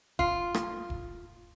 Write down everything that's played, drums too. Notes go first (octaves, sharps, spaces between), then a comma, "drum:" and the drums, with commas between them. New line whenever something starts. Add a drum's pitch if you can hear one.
F4, drum: kick E1
drum: rim click
drum: kick E1